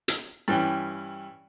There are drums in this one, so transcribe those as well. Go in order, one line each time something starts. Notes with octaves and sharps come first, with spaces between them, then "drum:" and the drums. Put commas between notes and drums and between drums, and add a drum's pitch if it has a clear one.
drum: hi-hat
G2 E3 C#4 G5